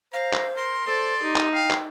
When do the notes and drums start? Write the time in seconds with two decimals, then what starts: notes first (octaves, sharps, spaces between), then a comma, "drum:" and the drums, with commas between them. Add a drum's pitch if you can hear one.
0.13 C5 F5 A#5
0.33 drum: clap
0.56 A#4 C6
0.86 A4 C5 D5
1.23 D#4 G4
1.36 drum: clap
1.53 F5 G5
1.70 drum: clap